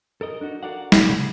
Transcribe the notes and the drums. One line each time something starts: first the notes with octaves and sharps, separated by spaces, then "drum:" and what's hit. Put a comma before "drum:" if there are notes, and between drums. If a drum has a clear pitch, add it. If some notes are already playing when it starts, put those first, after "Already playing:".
A4 A#4 D#5
D4 D#4 F#4
F#4 A4 A#4 D5 F5 F#5
drum: snare
C#3